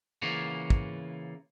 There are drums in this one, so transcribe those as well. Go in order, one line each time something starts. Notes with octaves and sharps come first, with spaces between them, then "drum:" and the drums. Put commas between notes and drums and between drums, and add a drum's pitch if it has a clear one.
C#3 E3 A#3 F4 F#4
drum: kick